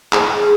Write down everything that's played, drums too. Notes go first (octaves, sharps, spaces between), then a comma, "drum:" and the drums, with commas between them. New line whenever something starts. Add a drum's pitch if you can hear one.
G#4, drum: clap